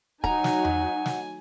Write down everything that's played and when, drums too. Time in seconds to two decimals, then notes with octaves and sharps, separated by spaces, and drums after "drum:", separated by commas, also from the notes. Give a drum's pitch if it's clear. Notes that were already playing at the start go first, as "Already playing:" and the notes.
0.24 F#3 D#4 F#5 G#5 A#5, drum: kick
0.44 drum: snare
0.65 drum: tom E2
1.06 drum: snare